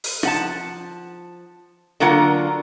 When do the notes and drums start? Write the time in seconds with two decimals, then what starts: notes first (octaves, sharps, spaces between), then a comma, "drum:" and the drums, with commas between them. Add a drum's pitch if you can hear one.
0.04 drum: open hi-hat
0.23 F3 F#5 A5, drum: rim click
2.00 D3 F#3 A#3 F4 A#4 F#5